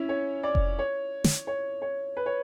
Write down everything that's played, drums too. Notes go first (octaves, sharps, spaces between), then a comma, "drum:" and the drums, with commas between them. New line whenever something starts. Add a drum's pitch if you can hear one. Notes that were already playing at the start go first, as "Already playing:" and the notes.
Already playing: C#4 E4
C#5
D5
drum: kick F1
C#5
drum: snare
C#5
C#5
B4
C#5